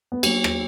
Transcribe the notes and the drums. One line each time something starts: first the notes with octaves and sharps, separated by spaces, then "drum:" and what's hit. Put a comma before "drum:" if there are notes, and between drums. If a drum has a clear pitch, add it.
B3
F#3 A#3, drum: cymbal
drum: rim click